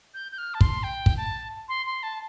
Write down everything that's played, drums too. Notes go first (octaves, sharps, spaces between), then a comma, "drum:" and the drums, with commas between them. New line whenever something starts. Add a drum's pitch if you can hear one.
G6
G6
F6
A5
C6, drum: kick
G5
drum: kick
A5
C6
C6
A5